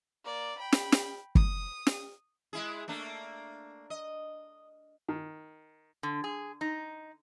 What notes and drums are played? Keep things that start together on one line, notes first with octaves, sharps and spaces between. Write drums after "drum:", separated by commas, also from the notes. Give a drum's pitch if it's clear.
A#3 D5
G5 B5
drum: snare
drum: snare
D#6, drum: kick
drum: snare
G#3 E4 G#4
A3 A#3 D4
D#5
D#3
D3
G#4
D#4